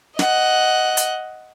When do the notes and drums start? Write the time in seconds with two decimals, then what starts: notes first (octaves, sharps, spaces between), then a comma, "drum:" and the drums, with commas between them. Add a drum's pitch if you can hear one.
0.19 D#5 F#5, drum: snare
0.97 drum: hi-hat